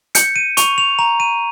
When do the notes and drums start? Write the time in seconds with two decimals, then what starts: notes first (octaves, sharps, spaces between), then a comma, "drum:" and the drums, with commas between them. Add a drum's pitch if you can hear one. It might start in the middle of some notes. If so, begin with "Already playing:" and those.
0.15 G6 C#7, drum: hi-hat
0.36 D#7
0.57 C#6 F7, drum: hi-hat
0.78 F7
0.99 A#5 F7
1.20 D#7